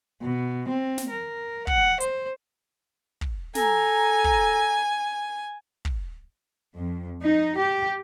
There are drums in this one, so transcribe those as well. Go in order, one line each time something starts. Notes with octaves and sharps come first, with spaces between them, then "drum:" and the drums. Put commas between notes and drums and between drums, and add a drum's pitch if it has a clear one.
B2
C4
drum: snare
A#4
F#5, drum: kick
C5, drum: hi-hat
drum: kick
A4 G#5 A#5, drum: snare
drum: kick
drum: kick
F2
D#4
G4